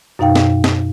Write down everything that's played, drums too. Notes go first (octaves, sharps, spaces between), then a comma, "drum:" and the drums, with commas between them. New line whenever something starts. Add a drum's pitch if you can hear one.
F#2 B2 D#4 F5 G5
drum: snare
drum: snare